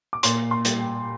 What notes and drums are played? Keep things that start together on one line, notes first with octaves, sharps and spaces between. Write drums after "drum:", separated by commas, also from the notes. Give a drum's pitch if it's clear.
D6
A#2 C6, drum: hi-hat
C6
G3, drum: hi-hat
G5